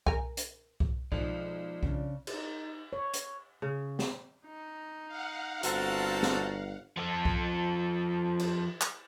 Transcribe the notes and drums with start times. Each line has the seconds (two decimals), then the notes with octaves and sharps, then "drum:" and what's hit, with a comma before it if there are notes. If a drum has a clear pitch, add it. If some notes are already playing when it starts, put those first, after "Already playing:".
0.06 A#4 G#5, drum: kick B1
0.37 drum: hi-hat
0.80 drum: kick B1
1.12 B1 F3 G#3 D5 F7, drum: kick B1
1.83 C#3 D4, drum: kick B1
2.27 D#4, drum: cymbal
2.93 C#5
3.14 drum: hi-hat
3.62 C#3
3.99 drum: snare
4.46 D#4
5.08 F5 F#5
5.63 G1 C4 F#4 A4 A#5, drum: hi-hat
6.23 drum: snare
6.97 F3 A4
7.25 drum: kick B1
8.39 drum: cymbal
8.81 drum: clap